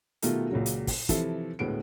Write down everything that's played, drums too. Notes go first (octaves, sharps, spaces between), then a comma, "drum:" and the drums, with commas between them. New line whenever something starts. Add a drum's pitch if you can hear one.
B2 D#3 A3 F4 G4 A#4, drum: hi-hat
C#2 A#2 C#3 F#3
drum: hi-hat
drum: kick, open hi-hat
C3 E3 F3 E4 A4, drum: kick, hi-hat
D2 A2 G#3 B3 D7